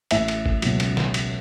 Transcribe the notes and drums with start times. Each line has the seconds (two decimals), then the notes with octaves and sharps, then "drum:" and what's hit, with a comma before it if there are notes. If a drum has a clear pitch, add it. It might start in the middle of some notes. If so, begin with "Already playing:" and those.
0.11 A1 A2 E3 E5, drum: cymbal
0.28 drum: cymbal
0.46 drum: kick G#1
0.62 C#2 B2 F#3, drum: cymbal
0.80 drum: cymbal
0.97 drum: snare
1.14 drum: cymbal